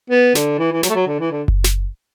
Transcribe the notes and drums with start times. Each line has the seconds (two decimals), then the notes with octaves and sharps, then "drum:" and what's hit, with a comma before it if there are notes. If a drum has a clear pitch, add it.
0.10 B3
0.35 D3, drum: snare
0.59 E3
0.72 E3
0.83 F#3, drum: snare
0.90 A3
0.96 F#3
1.07 D3
1.20 E3
1.32 D3
1.48 drum: kick F#1
1.64 drum: snare